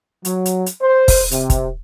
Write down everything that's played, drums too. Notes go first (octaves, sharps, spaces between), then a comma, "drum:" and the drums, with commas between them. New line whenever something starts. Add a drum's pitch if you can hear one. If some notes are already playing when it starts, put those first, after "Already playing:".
F#3, drum: hi-hat
drum: hi-hat
drum: hi-hat
C5
drum: kick, open hi-hat
C3, drum: hi-hat
drum: kick, hi-hat